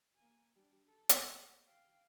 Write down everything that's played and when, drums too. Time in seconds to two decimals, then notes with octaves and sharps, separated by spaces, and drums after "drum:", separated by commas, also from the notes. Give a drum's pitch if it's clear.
0.16 A#3 G#5
0.55 G3 D4
0.87 A4
1.09 drum: hi-hat
1.19 A#3
1.66 F5 G5